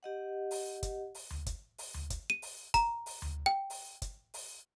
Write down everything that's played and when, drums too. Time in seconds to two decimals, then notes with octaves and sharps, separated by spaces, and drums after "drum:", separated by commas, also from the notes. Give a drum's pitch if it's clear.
0.03 G4 D#5 F#5
0.51 drum: open hi-hat
0.83 drum: kick, hi-hat
1.15 drum: open hi-hat
1.30 drum: tom D2
1.46 drum: kick, hi-hat
1.78 drum: open hi-hat
1.94 drum: tom D2
2.10 drum: kick, hi-hat
2.30 D#7
2.42 drum: open hi-hat
2.74 A#5, drum: kick, hi-hat
3.06 drum: open hi-hat
3.22 drum: tom D2
3.46 G5
3.70 drum: open hi-hat
4.02 drum: kick, hi-hat
4.34 drum: open hi-hat